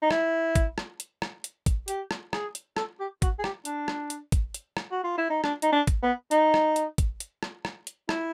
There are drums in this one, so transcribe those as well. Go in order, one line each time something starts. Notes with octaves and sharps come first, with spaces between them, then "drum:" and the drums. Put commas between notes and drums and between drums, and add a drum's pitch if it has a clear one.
D#4
E4, drum: rim click
drum: kick, hi-hat
drum: rim click
drum: hi-hat
drum: rim click
drum: hi-hat
drum: kick, hi-hat
G4, drum: hi-hat
drum: rim click
G#4, drum: rim click
drum: hi-hat
A4, drum: rim click
G4
F#4, drum: kick, hi-hat
G#4
G4, drum: rim click
D4, drum: hi-hat
drum: rim click
drum: hi-hat
drum: kick, hi-hat
drum: hi-hat
drum: rim click
F#4
F4
E4
D#4
D4, drum: rim click
D#4, drum: hi-hat
D4
drum: kick, hi-hat
B3
D#4, drum: hi-hat
drum: rim click
drum: hi-hat
drum: kick, hi-hat
drum: hi-hat
drum: rim click
drum: rim click
drum: hi-hat
E4, drum: rim click